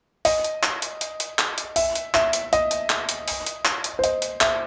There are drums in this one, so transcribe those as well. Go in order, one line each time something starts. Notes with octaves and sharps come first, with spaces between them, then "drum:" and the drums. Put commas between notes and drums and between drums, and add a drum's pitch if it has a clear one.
D#5, drum: open hi-hat
drum: hi-hat
drum: clap
drum: hi-hat
drum: hi-hat
drum: hi-hat
drum: clap
drum: hi-hat
E5, drum: open hi-hat
drum: hi-hat
E5, drum: clap
drum: hi-hat
D#5, drum: hi-hat
drum: hi-hat
drum: clap
drum: hi-hat
drum: open hi-hat
drum: hi-hat
drum: clap
drum: hi-hat
C5
D#5, drum: hi-hat
drum: hi-hat
E5, drum: clap